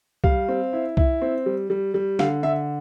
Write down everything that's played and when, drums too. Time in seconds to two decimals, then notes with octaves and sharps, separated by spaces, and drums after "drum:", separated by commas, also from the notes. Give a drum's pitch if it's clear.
0.24 G3 F5, drum: kick C2
0.49 C4
0.73 E4
0.97 E4, drum: kick C2
1.22 C4
1.46 G3
1.70 G3
1.94 G3
2.19 D3 F5, drum: snare
2.43 D3 E5